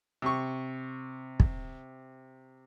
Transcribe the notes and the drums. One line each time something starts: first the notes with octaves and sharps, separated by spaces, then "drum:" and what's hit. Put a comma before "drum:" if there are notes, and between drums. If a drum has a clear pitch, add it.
C3 C#6
drum: kick